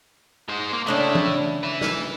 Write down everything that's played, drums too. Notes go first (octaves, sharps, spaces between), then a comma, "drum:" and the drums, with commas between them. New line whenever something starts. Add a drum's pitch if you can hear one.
G#3 C5
A#3
C#3 A3 D4 E4 D#5
drum: tom E3
B4 E5
drum: snare